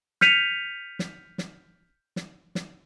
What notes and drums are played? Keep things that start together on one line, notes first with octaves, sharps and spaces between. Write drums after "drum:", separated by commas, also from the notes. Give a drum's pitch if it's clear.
F6 G6 B6 C#7 D#7 F7, drum: snare
drum: snare
drum: snare
drum: snare
drum: snare